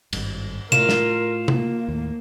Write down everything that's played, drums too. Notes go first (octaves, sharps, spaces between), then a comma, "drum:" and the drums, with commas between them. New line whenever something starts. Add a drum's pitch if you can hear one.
G#1 G2, drum: cymbal
A2 F4 A#4 E7, drum: tom C3
drum: snare
A#3, drum: tom C3
D#2 A2